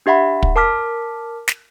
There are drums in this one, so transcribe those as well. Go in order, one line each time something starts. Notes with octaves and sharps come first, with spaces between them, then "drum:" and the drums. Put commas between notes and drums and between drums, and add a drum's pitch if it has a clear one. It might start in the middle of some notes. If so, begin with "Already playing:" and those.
D4 G4 E5 F#5 B5
drum: kick
A#4 A5 D6 F6 B6
drum: snare